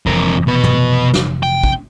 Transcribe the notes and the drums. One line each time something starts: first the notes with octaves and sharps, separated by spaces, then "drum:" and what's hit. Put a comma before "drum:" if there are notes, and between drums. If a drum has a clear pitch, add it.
F1 F2 A#2 E3 A#4
B2 B4
drum: tom
drum: snare
G5
drum: kick